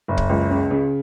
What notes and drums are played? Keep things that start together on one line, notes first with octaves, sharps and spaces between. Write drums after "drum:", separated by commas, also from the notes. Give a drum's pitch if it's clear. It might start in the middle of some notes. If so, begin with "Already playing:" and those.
F#1
drum: kick
C#2
C#3
C#3